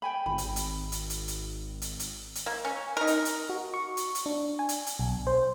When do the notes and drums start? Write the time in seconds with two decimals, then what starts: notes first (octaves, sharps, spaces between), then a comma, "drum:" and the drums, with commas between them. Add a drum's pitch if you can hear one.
0.02 G5 G#5 B5
0.26 G#1 B5
0.38 drum: hi-hat
0.56 drum: hi-hat
0.92 drum: hi-hat
1.10 drum: hi-hat
1.28 drum: hi-hat
1.82 drum: hi-hat
2.00 drum: hi-hat
2.35 drum: hi-hat
2.46 A#3
2.65 C#4
2.97 D#4 A#4
3.07 drum: hi-hat
3.25 drum: hi-hat
3.49 F#4
3.74 C#6
3.97 drum: hi-hat
4.15 drum: hi-hat
4.26 D4
4.59 G#5
4.69 drum: hi-hat
4.87 drum: hi-hat
4.99 B1
5.27 C5